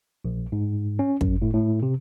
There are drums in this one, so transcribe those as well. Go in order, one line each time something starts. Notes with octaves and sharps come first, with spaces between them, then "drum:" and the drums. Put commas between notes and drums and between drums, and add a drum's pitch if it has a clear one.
A#1
G#2
C#4
F#2, drum: kick
A2
A2
C3